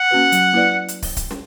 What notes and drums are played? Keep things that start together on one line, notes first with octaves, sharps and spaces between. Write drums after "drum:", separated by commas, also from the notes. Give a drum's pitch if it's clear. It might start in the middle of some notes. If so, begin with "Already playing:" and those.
Already playing: F#5
A#3 C#4 F#4 B4
F#3, drum: hi-hat
A#3 E4 B4 D5
drum: hi-hat
drum: kick, open hi-hat
drum: kick, hi-hat
drum: snare